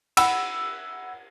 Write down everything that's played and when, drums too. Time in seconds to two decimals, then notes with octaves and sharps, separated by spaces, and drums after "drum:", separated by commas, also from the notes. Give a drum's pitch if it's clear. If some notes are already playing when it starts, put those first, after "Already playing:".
0.17 F#5 B5 E6, drum: cymbal